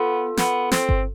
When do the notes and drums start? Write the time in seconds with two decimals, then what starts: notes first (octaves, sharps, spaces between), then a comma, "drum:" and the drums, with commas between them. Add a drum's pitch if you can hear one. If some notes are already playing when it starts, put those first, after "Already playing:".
Already playing: B3 F4 A4
0.37 B3, drum: snare
0.71 C4, drum: snare
0.89 drum: kick G1